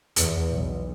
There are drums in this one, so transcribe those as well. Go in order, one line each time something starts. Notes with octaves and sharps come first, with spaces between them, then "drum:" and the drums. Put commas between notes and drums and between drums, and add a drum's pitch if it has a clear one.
E2, drum: hi-hat
B1